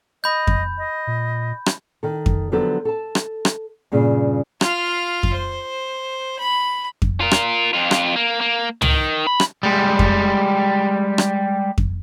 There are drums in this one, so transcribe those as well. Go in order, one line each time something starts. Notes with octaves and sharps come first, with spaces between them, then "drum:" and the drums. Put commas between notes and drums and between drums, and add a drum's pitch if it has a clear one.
D#5 B5 G6
drum: kick F2
D#5
A#2
drum: rim click
D#3 A4
drum: kick F2
D3 F3 F#3 B3 G4 A4
A4 A5
drum: rim click
drum: rim click
G2 A#2 C#3 G#4
F4 F5, drum: rim click
drum: kick F2
C5
B5
drum: kick F2
F4 A#4
drum: rim click
F2 F4
drum: rim click
A#3
A#3
D#3, drum: tom
B5
drum: rim click
G3 G#3
drum: kick F2
drum: rim click
drum: kick F2